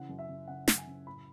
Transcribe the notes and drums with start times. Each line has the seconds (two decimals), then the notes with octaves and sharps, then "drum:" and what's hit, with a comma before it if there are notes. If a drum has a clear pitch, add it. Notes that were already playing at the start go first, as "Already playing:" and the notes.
Already playing: C#3 E3 F#5
0.09 F#2
0.19 E5
0.29 C#3
0.48 C#3 F#5
0.68 F#2, drum: snare
0.78 G#5
0.86 C#3
1.07 A2 B5